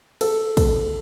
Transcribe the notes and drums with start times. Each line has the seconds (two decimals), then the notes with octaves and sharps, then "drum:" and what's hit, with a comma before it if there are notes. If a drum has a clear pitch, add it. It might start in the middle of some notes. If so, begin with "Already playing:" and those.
0.21 A4, drum: cymbal
0.57 A4, drum: kick, cymbal